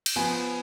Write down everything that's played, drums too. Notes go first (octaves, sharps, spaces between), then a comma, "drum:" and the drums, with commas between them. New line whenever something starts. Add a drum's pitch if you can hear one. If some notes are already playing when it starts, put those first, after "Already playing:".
drum: cymbal
F3 B3 G#5